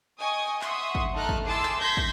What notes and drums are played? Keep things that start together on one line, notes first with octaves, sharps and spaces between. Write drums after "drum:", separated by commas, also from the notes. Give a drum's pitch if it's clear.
D#5 G5 G#5 C#6 D#6
E5 F#5 C6 C#6 D#6, drum: clap
drum: kick
A3 D#4 A4 A#5 F6 F#6
drum: kick
E4 G#4 A5 C6 D6 E6
drum: clap
C6 G6 G#6 A#6 B6
drum: kick